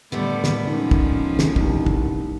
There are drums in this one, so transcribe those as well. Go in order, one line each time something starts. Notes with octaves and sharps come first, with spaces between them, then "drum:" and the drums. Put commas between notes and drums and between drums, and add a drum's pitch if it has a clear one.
A2 D3 G3 A3 B3
drum: snare
D#3 F3 G#3 C#4
drum: kick
drum: snare
C2 D#3, drum: kick
drum: kick